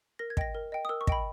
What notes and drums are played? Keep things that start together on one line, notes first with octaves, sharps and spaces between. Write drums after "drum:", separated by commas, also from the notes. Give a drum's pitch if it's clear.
A#4 A#6
G#6
D#5 G5 A#6, drum: kick
A#4
D#5 G5
D#6
A#4 E6
C#6
D#5 G5 B5, drum: kick